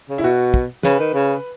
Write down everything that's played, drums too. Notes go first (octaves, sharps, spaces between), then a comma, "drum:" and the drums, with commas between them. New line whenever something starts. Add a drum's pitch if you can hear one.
C#3
E4
B2 F#4
drum: kick
C#3 B4, drum: snare
D#3
C#3